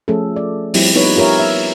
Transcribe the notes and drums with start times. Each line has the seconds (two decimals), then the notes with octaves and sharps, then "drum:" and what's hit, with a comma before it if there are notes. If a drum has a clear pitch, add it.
0.08 F3 A3 C#4 G#4 A4
0.36 D5
0.74 F3 G3 C4 E4 G4, drum: open hi-hat
0.95 B3 D#4 B4 C#5
1.16 F4 G4 A#4 C#5 E5
1.39 E5